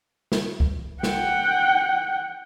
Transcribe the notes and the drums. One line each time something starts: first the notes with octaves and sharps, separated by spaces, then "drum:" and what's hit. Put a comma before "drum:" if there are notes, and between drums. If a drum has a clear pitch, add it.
drum: snare
drum: kick C2
F#5 G5, drum: snare